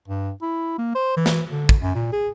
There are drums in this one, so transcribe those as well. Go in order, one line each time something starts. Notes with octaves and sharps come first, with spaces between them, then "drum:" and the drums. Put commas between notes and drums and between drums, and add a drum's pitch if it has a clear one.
G2
E4
A#3
C5
E3
drum: snare
D3
drum: kick
F#2
A#2
G#4